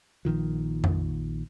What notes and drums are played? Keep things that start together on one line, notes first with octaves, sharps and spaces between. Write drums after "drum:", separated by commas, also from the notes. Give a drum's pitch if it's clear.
A#1 A#2 D#3 F3
drum: tom F2